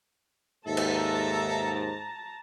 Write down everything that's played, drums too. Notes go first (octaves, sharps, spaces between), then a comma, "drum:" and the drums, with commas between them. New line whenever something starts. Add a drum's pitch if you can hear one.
D#2 G#2 A4 E5 A5 A#5
drum: cymbal